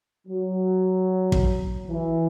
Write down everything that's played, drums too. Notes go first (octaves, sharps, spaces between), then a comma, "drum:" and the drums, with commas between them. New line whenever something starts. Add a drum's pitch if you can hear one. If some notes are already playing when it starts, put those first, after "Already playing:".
F#3
drum: kick
E3